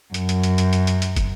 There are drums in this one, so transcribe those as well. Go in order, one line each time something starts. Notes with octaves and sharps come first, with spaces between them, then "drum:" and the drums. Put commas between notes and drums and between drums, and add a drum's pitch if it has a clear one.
F#2, drum: hi-hat
drum: hi-hat
drum: hi-hat
drum: hi-hat
drum: hi-hat
drum: hi-hat
drum: hi-hat
drum: kick, hi-hat